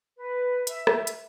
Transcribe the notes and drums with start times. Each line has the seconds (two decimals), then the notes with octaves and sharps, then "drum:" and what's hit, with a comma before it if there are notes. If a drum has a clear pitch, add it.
0.17 B4
0.67 E5, drum: hi-hat
0.87 drum: rim click
1.07 drum: hi-hat